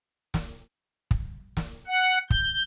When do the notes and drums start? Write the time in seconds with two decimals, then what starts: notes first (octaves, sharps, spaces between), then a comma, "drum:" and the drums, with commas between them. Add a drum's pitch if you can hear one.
0.34 drum: snare
1.11 drum: kick
1.57 drum: snare
1.87 F#5
2.30 G6, drum: kick